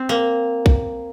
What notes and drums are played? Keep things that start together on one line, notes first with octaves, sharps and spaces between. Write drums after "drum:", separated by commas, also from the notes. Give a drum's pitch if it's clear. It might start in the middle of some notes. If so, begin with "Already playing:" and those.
Already playing: C4
A#3
drum: kick